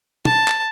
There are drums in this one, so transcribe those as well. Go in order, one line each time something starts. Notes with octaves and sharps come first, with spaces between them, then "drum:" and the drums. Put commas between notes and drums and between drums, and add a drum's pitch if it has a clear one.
A5, drum: tom
drum: clap